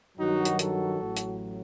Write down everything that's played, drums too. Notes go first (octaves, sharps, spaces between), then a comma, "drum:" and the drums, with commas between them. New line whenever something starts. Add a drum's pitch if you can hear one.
G2 D#3 F#3 D#4 F#4
drum: hi-hat
F#4 A4, drum: hi-hat
A1 A2 F#3
drum: hi-hat